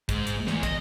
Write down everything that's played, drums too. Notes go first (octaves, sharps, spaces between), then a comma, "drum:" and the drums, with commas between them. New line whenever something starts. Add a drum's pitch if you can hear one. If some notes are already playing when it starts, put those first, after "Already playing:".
G#2, drum: kick, hi-hat
drum: hi-hat
E2, drum: snare
D#5, drum: kick, hi-hat